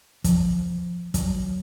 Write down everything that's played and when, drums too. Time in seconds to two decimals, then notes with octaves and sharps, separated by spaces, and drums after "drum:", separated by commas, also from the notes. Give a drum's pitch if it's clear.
0.24 F3, drum: kick, hi-hat
1.14 F#3, drum: kick, hi-hat